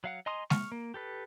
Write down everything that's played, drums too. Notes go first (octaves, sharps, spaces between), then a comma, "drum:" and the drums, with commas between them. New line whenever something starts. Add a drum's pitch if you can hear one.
F#3 F5 F#5
D#5 G#5 A#5 C6 D#6
C#6 F6, drum: snare G#3
A#3
G4 A4 B4